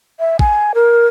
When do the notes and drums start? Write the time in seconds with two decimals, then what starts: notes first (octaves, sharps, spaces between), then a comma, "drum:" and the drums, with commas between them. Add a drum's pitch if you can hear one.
0.20 E5
0.39 G#5, drum: kick
0.75 A#4